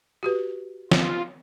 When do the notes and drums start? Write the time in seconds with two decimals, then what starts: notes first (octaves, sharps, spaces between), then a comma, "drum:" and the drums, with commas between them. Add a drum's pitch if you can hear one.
0.23 F#4 G4 B4
0.91 F4, drum: snare